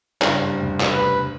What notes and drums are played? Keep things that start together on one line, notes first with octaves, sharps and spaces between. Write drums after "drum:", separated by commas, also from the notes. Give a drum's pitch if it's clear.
F#1 G2 G3, drum: clap
E2 C3 A3
drum: clap
B4